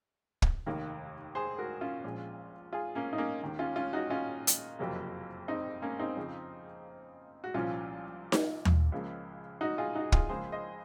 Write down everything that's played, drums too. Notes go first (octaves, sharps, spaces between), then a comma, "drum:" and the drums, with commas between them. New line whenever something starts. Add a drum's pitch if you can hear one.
drum: kick
F1 D#2 D#3 A#3
G#4 C5
F#4 A#4
C#4 F4
A#1 A#2 F3 G#3
F4 G#4
A#3 C#4
D#4
A#3 C#4
D#2 D#3 A#3
C#4 F4
C#4 F4
D#4 F#4
C#4 F4
drum: hi-hat
F#1 F2 C3 F#3 A#3
C4 D#4
A#3 C#4
C4 D#4
F2 C#3 F3
F#4
C2 A#2 F3 C#4 F4
drum: snare D#4
drum: tom D#2
C#2 C#3 F3 A#3
D#4 F#4
F4 G#4
D#4 F#4
F4 G#4, drum: kick
C#2 C#3 F3 A#3 G#4 C5
C5 D#5